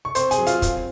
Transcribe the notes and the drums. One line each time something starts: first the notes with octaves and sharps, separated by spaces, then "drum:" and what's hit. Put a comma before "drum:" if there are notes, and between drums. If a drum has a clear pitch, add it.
C#6
C4 C5 C6, drum: hi-hat
G#4 G#5, drum: hi-hat
F#3
F4 F5, drum: hi-hat
C4, drum: kick, hi-hat